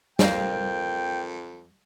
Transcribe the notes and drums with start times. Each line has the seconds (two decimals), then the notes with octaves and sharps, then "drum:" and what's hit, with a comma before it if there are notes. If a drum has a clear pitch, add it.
0.19 F2 A#4 C5 F5 G5, drum: snare